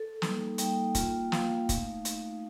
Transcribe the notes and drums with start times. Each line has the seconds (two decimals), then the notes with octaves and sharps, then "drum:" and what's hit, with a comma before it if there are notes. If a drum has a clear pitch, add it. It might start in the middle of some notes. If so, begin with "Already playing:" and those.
Already playing: A4
0.22 G3 A#3 D#4, drum: snare
0.58 G3 A#3 D#4 G5, drum: hi-hat
0.95 A#3 F4, drum: kick, hi-hat
1.32 A#3 F4 F5, drum: snare
1.69 A3 D#4, drum: kick, hi-hat
2.05 A3 D#4, drum: hi-hat